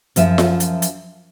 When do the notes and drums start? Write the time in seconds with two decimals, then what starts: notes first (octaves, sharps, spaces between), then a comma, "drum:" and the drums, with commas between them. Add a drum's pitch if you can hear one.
0.16 F#2 F3 E5, drum: hi-hat
0.38 drum: snare F4
0.60 drum: hi-hat
0.82 drum: hi-hat